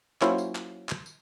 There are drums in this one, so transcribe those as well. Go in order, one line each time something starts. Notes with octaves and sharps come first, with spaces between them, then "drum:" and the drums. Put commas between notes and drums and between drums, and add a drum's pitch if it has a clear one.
F#3 A#3 C#4 E4 F4 C5, drum: clap
drum: tambourine
drum: clap
drum: clap
drum: tambourine